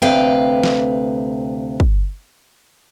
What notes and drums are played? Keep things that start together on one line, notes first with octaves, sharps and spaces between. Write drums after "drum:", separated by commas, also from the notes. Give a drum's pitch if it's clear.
D2 C3 B4 F5 G5
drum: snare
drum: kick